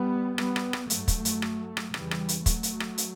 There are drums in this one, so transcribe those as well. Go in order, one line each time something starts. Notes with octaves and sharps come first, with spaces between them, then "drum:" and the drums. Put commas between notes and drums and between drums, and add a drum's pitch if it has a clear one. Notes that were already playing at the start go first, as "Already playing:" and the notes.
Already playing: G3 B3
G3 B3, drum: rim click
drum: rim click
drum: rim click
G2 F#3 A3, drum: hi-hat
drum: kick, hi-hat
drum: hi-hat
drum: rim click
drum: rim click
E2 C#3 E3 G3, drum: rim click
drum: rim click
drum: hi-hat
F#3 A3, drum: kick, hi-hat
drum: hi-hat
drum: rim click
drum: hi-hat